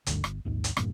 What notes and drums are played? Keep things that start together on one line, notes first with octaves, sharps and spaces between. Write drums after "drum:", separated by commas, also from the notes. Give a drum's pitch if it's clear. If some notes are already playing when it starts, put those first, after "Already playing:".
F#1 D2 G2 D3, drum: hi-hat
G1, drum: rim click
A#1 D#2 G#2
drum: hi-hat
E1 G2 A#2, drum: rim click